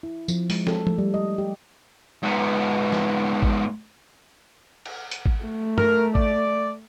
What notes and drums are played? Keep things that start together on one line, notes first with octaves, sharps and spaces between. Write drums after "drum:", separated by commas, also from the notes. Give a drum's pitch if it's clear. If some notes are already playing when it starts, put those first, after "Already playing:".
E4
F3, drum: tambourine
G#3, drum: open hi-hat
A4, drum: snare
A3, drum: tom
G3
D#5
G4
G#2 B3
drum: snare
drum: kick G#1
drum: cymbal
drum: hi-hat
drum: kick G#1
A3
A#4, drum: tom
D5, drum: kick G#1